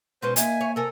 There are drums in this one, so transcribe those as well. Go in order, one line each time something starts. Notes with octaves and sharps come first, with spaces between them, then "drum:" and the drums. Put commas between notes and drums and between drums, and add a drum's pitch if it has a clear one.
B2 G#3 C#4 B4 C5
A#3 D#4 E5 G#5, drum: hi-hat
C#5
C3 A4 A#4 G#5